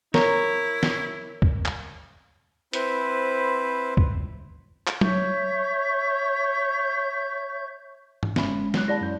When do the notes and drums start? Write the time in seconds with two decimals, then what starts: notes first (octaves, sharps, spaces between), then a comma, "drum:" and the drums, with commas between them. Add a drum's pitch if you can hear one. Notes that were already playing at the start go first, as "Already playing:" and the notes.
0.14 E4 A#4 C#5, drum: snare
0.83 drum: snare
1.42 drum: kick
1.65 drum: clap
2.73 C4 E4 B4 C5, drum: hi-hat
3.97 drum: kick
4.87 drum: clap
5.01 C#5 E5 C#6 G6, drum: tom F#3
8.23 drum: tom G#2
8.36 G1 G#3 C#4 B5, drum: snare
8.74 F#3 F#6, drum: snare
8.88 E4 D5 A5 B5 A#6
9.01 F#2 G6